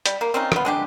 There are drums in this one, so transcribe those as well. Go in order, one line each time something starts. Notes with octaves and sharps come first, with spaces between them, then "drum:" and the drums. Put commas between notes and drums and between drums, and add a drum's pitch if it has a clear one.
G3, drum: hi-hat
A#3
C4 C#4 D#4 F4
B3 F4, drum: rim click
G#3 D4 G4